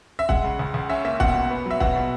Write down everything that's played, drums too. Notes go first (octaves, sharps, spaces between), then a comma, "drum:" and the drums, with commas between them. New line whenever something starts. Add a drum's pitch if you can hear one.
E5
G#3 F#5, drum: kick
C#3
C#2
C#2
C#4 E5
A#3 E5
B2 F#5, drum: kick
B2
B3
F#3 E5
B2 F#5, drum: kick
B2